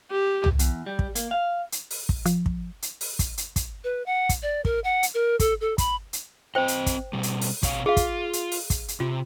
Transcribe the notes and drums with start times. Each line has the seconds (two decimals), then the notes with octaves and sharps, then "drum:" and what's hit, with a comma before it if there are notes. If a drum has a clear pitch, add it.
0.11 G4
0.44 drum: tom C2
0.59 E2, drum: hi-hat
0.86 G3
0.99 drum: kick
1.15 A#3, drum: hi-hat
1.31 F5
1.72 drum: hi-hat
1.91 drum: open hi-hat
2.09 drum: kick
2.26 F3, drum: hi-hat
2.46 drum: kick
2.82 drum: hi-hat
3.01 drum: open hi-hat
3.19 drum: kick, hi-hat
3.38 drum: hi-hat
3.56 drum: kick, hi-hat
3.84 B4
4.06 F#5
4.29 drum: kick, hi-hat
4.43 D5
4.65 A#4, drum: kick
4.84 F#5
5.03 drum: hi-hat
5.14 A#4
5.40 A4, drum: kick, hi-hat
5.61 A4
5.78 B5, drum: kick, hi-hat
6.13 drum: hi-hat
6.55 C4 C5 D#5 G5
6.68 drum: hi-hat
6.86 drum: kick, hi-hat
7.13 B2 G3
7.23 drum: hi-hat
7.41 drum: open hi-hat
7.63 B2 C#5 F5, drum: kick, hi-hat
7.86 F4 G#4 F5
7.97 drum: kick, hi-hat
8.33 drum: hi-hat
8.52 drum: open hi-hat
8.70 drum: kick, hi-hat
8.88 drum: hi-hat
9.00 C3 F4